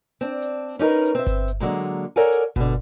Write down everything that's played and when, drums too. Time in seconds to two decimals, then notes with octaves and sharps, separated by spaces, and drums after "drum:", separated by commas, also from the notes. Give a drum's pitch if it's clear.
0.21 C4 D4, drum: hi-hat
0.42 drum: hi-hat
0.79 C#4 D#4 G4 A#4 B4
1.05 drum: hi-hat
1.15 C4 E5
1.27 drum: kick G1, hi-hat
1.48 drum: hi-hat
1.60 D3 F#3 G#3 A#3
2.16 A4 A#4 C#5 D5 F#5 G#5
2.32 drum: hi-hat
2.56 B2 D3, drum: kick G1